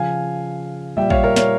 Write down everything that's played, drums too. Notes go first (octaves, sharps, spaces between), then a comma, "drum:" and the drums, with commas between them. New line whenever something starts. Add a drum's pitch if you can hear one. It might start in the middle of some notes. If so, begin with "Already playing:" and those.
Already playing: C#3 F3 F5 G#5
A#2 G3 E5 G5
C#5 F5, drum: kick
A#4 C#5
C#5 F5, drum: snare